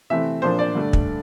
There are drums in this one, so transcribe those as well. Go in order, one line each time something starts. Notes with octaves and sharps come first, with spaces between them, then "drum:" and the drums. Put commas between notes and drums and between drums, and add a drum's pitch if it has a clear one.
C3 E3 A3 C4 E5
A#2 F3 A#3 D4 C5
D5
G2 D3 A3 D4
drum: kick